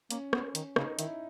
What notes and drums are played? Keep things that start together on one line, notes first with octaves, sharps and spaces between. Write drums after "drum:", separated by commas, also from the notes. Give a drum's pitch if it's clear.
A#3 C#4, drum: hi-hat
B3, drum: rim click
D#3, drum: hi-hat
C#3 D#4, drum: rim click
D#3 E4, drum: hi-hat